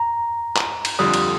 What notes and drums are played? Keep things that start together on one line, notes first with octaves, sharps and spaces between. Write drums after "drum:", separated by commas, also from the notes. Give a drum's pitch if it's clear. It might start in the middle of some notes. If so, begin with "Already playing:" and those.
Already playing: A#5
drum: clap
drum: cymbal
F2 D3 G3 D#6
drum: cymbal